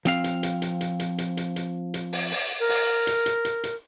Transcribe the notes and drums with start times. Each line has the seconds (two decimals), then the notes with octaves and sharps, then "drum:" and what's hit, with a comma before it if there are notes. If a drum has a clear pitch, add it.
0.05 F3 C4 F5, drum: hi-hat
0.24 drum: hi-hat
0.43 drum: hi-hat
0.62 drum: hi-hat
0.81 drum: hi-hat
1.00 drum: hi-hat
1.18 drum: hi-hat
1.37 drum: hi-hat
1.56 drum: hi-hat
1.94 drum: hi-hat
2.13 drum: open hi-hat
2.32 drum: open hi-hat
2.60 A#4
2.69 drum: open hi-hat
3.07 drum: hi-hat
3.26 drum: hi-hat
3.45 drum: hi-hat
3.64 drum: hi-hat